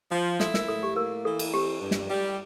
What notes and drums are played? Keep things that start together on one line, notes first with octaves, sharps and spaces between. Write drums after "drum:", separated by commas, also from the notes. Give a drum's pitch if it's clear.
F3
E4 A4, drum: snare
A#4, drum: snare
A2 A4
G4
A#3 A#4
E3 A4
drum: cymbal
C4 G4
G2
drum: snare
G3